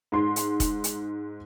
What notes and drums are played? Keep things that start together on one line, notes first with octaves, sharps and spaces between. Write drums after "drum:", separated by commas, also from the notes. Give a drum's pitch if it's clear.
G#2 C6
drum: hi-hat
drum: kick, hi-hat
drum: hi-hat